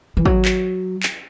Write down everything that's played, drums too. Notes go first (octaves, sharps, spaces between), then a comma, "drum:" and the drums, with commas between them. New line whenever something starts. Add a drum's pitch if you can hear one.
E3
F#3, drum: kick G#1
drum: clap
drum: clap